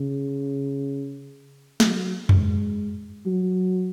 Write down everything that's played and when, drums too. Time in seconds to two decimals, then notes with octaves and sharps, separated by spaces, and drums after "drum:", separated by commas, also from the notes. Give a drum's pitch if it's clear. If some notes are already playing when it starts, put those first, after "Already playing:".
Already playing: C#3
1.80 F#3, drum: snare
2.29 G#3, drum: tom F2
3.26 F#3